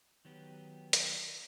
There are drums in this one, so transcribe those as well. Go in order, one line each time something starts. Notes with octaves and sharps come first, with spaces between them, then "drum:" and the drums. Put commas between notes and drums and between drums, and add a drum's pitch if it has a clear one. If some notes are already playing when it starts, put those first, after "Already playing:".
D#3 F#3 B3 G4
drum: hi-hat